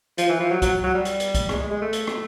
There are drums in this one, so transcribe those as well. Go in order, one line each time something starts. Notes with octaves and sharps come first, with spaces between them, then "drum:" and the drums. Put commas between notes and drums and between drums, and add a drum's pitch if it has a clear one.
F3, drum: hi-hat
E3
F3
F#3
F#3, drum: kick C2, hi-hat
F#3
G3
drum: hi-hat
drum: hi-hat
drum: kick C2, hi-hat
G#3, drum: rim click
G#3
G#3
A3
drum: hi-hat
drum: rim click